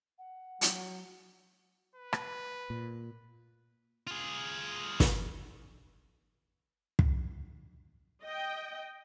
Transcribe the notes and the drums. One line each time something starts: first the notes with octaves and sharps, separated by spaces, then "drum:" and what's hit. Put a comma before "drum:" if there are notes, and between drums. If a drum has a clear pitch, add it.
F#5
F#3, drum: hi-hat
B4
drum: rim click
A#2
F4 G#4
drum: snare
drum: kick
D#5 G5